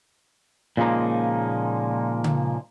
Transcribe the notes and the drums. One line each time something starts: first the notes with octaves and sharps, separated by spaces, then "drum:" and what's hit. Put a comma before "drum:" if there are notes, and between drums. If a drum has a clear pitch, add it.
A#2 C#3 F3 G#3 A#3 D#4
drum: tom C#3